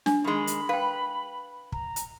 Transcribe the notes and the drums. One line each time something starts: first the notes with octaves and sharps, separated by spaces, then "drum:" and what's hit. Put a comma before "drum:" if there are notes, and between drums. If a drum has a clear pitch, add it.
D4, drum: snare
D#3 G#3 B5
drum: hi-hat
B4 F5 G5
A#5, drum: kick
drum: hi-hat